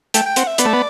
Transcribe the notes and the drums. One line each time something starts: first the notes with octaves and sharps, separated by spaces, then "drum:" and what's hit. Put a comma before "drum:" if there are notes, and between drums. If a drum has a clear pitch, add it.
A3 G5, drum: hi-hat
G5
C4 F#5, drum: hi-hat
E5
B3 D5, drum: hi-hat
A3
B3